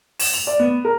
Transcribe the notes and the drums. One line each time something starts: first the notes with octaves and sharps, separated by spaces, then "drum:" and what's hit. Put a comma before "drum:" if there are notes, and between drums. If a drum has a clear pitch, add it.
E7, drum: open hi-hat
F7
D5
B3
A#4